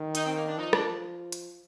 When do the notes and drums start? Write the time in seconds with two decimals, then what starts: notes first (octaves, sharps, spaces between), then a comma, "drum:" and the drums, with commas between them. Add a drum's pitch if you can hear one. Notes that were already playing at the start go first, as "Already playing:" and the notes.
Already playing: D#3
0.15 D#4, drum: hi-hat
0.25 C4
0.36 A#3
0.47 D4
0.58 F3 D#4
0.73 D4, drum: rim click
1.32 drum: hi-hat